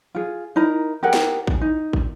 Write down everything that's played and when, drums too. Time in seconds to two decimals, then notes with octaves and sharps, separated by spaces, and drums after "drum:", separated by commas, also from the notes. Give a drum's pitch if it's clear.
0.15 F4 G#4
0.56 D#4 E4 A#4 A#5
1.03 G4 G#4 A#4 F#5
1.13 drum: snare
1.47 G#5, drum: kick
1.61 D#4
1.93 drum: kick